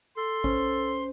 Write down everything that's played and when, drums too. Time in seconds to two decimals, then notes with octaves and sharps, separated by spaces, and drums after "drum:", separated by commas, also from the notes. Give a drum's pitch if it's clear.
0.17 A4 C6
0.44 C#4 C5, drum: kick G#1